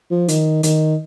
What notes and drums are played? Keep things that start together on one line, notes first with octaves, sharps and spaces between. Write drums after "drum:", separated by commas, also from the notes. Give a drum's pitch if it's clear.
F3
D#3, drum: hi-hat
D#3, drum: hi-hat